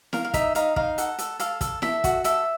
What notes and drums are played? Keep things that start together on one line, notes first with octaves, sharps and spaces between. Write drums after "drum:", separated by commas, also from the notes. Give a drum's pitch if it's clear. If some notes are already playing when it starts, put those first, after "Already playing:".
A#4 F5, drum: snare E4
F5
D#4 E5, drum: kick, hi-hat
D#4 F5, drum: hi-hat
D#4 F5, drum: kick
A4 F#5, drum: hi-hat
A4, drum: hi-hat
A4 F5, drum: hi-hat
A4, drum: kick, hi-hat
A4 E5, drum: snare E4
F#4, drum: kick, hi-hat
A4 E5, drum: hi-hat